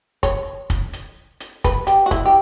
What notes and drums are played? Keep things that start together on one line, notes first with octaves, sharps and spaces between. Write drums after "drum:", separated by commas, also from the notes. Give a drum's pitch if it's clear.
C#5, drum: kick, hi-hat
drum: kick, hi-hat
drum: hi-hat
drum: hi-hat
B4, drum: kick, hi-hat
G4, drum: hi-hat
F#4
E4, drum: kick, hi-hat
G4